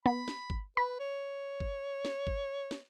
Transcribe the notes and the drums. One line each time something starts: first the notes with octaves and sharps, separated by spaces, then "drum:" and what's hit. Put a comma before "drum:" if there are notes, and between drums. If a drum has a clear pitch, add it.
B3 B5
drum: snare
drum: kick G1
B4 B5
C#5
drum: kick G1
drum: snare
drum: kick G1
drum: snare